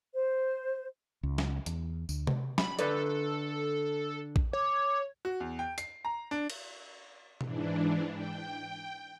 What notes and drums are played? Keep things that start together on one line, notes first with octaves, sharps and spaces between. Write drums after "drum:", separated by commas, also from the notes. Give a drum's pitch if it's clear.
C5
C#2
drum: snare
E2, drum: hi-hat
D2, drum: tambourine
drum: tom C3
B5, drum: snare
D3 A4 B4 D5, drum: hi-hat
drum: kick A1
C#5 D6
F#4
E2
G5
C7, drum: hi-hat
A#5
D4
drum: cymbal
G#2 E3 D4, drum: tom B2
G5